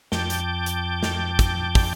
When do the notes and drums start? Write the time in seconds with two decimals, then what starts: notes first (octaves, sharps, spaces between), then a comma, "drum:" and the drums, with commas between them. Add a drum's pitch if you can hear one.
0.12 F2 G5 A5 D6 G6, drum: snare
0.30 drum: hi-hat
0.66 drum: hi-hat
1.03 drum: snare
1.39 drum: kick, hi-hat
1.75 drum: kick, open hi-hat